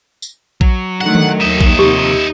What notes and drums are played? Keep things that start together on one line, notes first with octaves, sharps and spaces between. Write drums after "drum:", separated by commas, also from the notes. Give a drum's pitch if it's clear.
drum: tambourine
F#3, drum: kick A#1
D3 D#3 A3 F#5
drum: tom D#3
D#2 D#4 E5
drum: kick A#1
C3 F3 G4